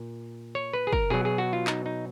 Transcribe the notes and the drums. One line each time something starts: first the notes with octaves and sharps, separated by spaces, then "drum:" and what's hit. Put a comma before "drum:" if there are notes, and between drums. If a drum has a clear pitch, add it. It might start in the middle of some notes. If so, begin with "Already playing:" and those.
Already playing: A#2
C#5
B4
G#4
A#4, drum: kick
B2 F#3 G#4
G#4
F#4
F4
D#4, drum: clap
D#4